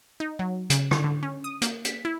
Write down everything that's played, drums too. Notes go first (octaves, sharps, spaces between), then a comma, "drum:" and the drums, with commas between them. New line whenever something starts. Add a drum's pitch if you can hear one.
D#4
F#3
C#3, drum: hi-hat
D3, drum: rim click
D3
C#4
D#6
A#3, drum: hi-hat
B6, drum: hi-hat
E4